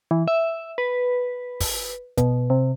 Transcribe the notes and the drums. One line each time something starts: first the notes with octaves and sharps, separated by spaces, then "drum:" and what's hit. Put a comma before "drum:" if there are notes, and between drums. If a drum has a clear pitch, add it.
E3
E5
B4
drum: kick, open hi-hat
B2, drum: kick, hi-hat
C3